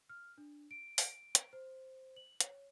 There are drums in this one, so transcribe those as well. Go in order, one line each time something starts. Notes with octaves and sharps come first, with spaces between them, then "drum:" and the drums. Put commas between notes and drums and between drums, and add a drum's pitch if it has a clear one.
F6
D4
D7
D7, drum: open hi-hat
drum: hi-hat
C5
F#7
C#5, drum: hi-hat